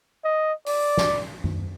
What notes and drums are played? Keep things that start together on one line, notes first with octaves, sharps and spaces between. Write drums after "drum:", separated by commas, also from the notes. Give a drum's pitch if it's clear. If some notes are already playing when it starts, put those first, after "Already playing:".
D#5
D5, drum: open hi-hat
drum: snare
drum: tom F#2